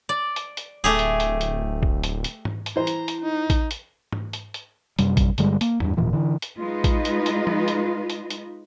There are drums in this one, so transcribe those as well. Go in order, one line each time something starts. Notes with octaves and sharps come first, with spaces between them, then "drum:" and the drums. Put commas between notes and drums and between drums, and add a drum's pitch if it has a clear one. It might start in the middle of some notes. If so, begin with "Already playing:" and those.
D5
drum: hi-hat
drum: hi-hat
D1 A3 G4 G#4
drum: hi-hat
drum: hi-hat
drum: hi-hat
drum: kick A1
drum: hi-hat
drum: hi-hat
drum: tom G#2
drum: hi-hat
E3 E4 C5 A#5
drum: hi-hat
drum: hi-hat
D#4
drum: kick A1, hi-hat
drum: hi-hat
drum: tom G#2
drum: hi-hat
drum: hi-hat
F#2 C3 G3, drum: hi-hat
drum: kick A1, hi-hat
G2 D3 G3 G#3, drum: hi-hat
A#3, drum: hi-hat
E2 G2, drum: tom G#2
E1 A#2 E3 F3
D3 E3
drum: hi-hat
G#3 D#4 F4 B4 D#5
drum: kick A1, hi-hat
drum: hi-hat
drum: hi-hat
drum: tom F3
drum: hi-hat
drum: hi-hat
drum: hi-hat